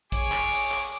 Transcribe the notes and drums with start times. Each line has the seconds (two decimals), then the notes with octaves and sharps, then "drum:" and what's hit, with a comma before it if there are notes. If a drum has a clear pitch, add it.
0.12 G#4 C#5 D6, drum: kick A#1, hi-hat
0.32 drum: clap
0.52 drum: open hi-hat
0.71 drum: clap